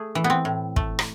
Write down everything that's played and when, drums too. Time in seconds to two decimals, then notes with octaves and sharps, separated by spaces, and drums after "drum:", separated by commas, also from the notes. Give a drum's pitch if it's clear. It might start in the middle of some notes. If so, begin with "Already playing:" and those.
Already playing: A3 G#4
0.15 E3
0.24 B3
0.30 C4
0.45 A2
0.76 A3, drum: kick
0.99 drum: rim click